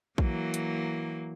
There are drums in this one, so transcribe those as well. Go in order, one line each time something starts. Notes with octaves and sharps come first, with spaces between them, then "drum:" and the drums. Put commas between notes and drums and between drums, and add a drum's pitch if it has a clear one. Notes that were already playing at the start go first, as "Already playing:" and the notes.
E3 F#3 A#3, drum: kick
drum: hi-hat